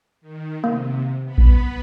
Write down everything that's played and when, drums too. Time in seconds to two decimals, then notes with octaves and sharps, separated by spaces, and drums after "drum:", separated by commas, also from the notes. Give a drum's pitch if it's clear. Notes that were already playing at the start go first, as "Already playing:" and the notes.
0.21 D#3
0.64 C3 A#3
1.24 B3 B4
1.38 drum: kick A#1